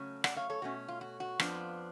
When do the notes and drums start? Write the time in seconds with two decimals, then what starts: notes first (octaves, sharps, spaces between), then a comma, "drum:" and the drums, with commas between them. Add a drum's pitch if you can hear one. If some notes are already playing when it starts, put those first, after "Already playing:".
Already playing: C#3 F#3 A3 C#4
0.24 D5 F#5, drum: rim click
0.36 C#5 F5
0.50 A4 C#5
0.62 B2 A3 C#4 F#4
0.88 F4
1.01 F#4
1.20 F#4
1.40 F2 F3 B3 D4, drum: rim click